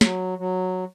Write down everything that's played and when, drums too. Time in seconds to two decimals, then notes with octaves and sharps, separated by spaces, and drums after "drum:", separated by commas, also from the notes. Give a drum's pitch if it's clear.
0.01 F#3, drum: snare
0.38 F#3